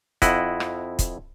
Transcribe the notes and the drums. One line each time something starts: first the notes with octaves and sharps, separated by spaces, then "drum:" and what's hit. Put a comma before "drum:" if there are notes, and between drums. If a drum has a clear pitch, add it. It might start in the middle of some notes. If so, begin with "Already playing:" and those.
F2 E4 D#5 F#5, drum: kick, hi-hat
drum: rim click
drum: kick, hi-hat